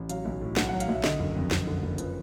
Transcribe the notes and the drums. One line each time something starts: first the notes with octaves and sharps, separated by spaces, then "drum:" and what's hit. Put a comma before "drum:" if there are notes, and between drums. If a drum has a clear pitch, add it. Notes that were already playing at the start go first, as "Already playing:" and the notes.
Already playing: A1
F#3 F5, drum: hi-hat
B1
A2
B1 F#5, drum: snare
F#3 F#5
F5, drum: hi-hat
B1 E5
D3 D#5, drum: snare
F#1
F2
F#1, drum: snare
D3
F#1
F3 B4, drum: hi-hat